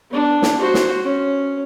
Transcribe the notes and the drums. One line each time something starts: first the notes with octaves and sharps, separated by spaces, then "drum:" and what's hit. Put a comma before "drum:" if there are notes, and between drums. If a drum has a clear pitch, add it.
B3 D4
drum: snare
F#4 C5
drum: snare
C#4